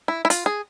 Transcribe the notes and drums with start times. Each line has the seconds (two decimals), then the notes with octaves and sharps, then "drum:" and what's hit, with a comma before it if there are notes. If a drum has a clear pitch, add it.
0.08 E4
0.25 E4
0.30 F4, drum: hi-hat
0.46 G#4